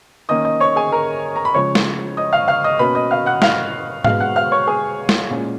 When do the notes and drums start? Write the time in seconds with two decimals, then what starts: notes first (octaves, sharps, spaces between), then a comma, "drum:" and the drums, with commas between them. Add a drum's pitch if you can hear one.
0.29 D#3 A#3 C#4 D#5 D#6
0.44 D#5 D#6
0.60 C#5 C#6
0.76 G#4 G#5
0.92 A#4 A#5
1.36 A#5
1.45 B5
1.54 C#3 F3 G#3 C#5 C#6
1.75 drum: snare
2.17 D#5 D#6
2.33 F5 F6
2.48 F5 F6
2.64 D#5 D#6
2.79 B2 A#3 C#4 B4 B5
2.95 D#5 D#6
3.11 F5 F6
3.26 F#5 F#6
3.42 F5 F6, drum: snare
4.04 B2 G#3 B3 F5 F6, drum: tom G#2
4.20 F#5 F#6
4.36 F5 F6
4.52 C#5 C#6
4.67 G#4 G#5
5.09 drum: snare
5.30 A#2 G#3 C#4